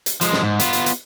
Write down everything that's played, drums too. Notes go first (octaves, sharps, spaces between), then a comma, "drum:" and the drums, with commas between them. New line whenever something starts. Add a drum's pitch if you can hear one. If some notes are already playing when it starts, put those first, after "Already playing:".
drum: hi-hat
F3 G#3, drum: hi-hat
drum: snare
G#2
B3 F4, drum: hi-hat
drum: hi-hat
drum: hi-hat